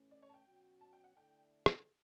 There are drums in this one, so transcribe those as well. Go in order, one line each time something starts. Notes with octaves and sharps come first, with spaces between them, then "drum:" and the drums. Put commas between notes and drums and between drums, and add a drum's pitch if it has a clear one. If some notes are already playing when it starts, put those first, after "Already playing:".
Already playing: A2 E3 A3 C#4
D5
C#5
A5
G5
B2 F#3 C#4 F#4
A5
G5
F#5
D3 A3 E4 A4 D5 G5
drum: rim click